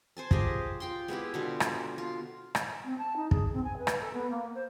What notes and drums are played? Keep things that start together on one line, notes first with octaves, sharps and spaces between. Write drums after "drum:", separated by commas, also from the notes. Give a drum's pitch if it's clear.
C5 G#5 A5
F4 G4 G#4 D#5, drum: kick
F4 G5 C6
G#3 B3 E4 G4
B2 D3 F4
drum: rim click
F4
drum: rim click
C4
A5
D#4
G#4, drum: kick
C4
G#5
B4
drum: rim click
A4
B3
A#3
C5